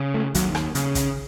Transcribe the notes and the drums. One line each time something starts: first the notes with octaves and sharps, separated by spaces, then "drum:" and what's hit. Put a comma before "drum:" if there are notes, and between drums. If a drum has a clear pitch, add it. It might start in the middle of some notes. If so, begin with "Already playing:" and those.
Already playing: C#3
A3
D#2 F#3, drum: kick, hi-hat
drum: rim click
C#3, drum: hi-hat
drum: kick, hi-hat